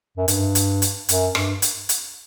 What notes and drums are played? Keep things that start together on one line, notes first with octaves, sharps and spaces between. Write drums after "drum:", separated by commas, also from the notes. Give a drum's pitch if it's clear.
F#2
G2, drum: hi-hat
drum: hi-hat
drum: hi-hat
F#2, drum: hi-hat
G2, drum: rim click
drum: hi-hat
drum: hi-hat